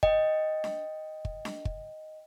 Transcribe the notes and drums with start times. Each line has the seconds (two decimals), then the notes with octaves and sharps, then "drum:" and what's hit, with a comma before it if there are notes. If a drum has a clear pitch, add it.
0.03 D#5 G5, drum: kick
0.64 drum: snare D4
1.25 drum: kick
1.45 drum: snare D4
1.65 drum: kick